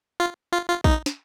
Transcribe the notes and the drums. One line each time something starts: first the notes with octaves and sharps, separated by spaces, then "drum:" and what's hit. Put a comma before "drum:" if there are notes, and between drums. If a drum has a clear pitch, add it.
F4
F4
F4
D#4, drum: kick A#1
drum: snare